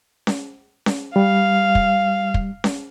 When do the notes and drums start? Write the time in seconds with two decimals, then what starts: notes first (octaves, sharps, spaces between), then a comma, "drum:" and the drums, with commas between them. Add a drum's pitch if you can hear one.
0.27 drum: snare C#4
0.86 drum: snare C#4
1.16 G3 F5
1.75 drum: kick
2.34 drum: kick
2.64 drum: snare C#4